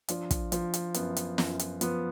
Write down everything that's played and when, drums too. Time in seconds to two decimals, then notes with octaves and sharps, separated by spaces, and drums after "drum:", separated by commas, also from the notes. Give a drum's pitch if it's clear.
0.08 F3 D4, drum: hi-hat
0.31 drum: kick, hi-hat
0.52 F3, drum: hi-hat
0.74 drum: hi-hat
0.94 F#2 B3, drum: hi-hat
1.16 drum: hi-hat
1.38 F#2, drum: snare
1.59 drum: hi-hat
1.81 F3 B3, drum: hi-hat